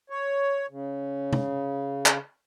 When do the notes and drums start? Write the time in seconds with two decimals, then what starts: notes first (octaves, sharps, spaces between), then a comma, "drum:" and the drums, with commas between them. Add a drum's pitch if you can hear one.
0.10 C#5
0.70 C#3
1.33 drum: tom C3
2.06 drum: clap